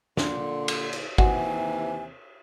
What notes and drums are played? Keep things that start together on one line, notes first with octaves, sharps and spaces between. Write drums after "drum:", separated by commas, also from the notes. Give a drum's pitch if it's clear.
A#2 D3 C6, drum: snare
drum: cymbal
drum: cymbal
D#2 C3 E3 F#4 G#5, drum: kick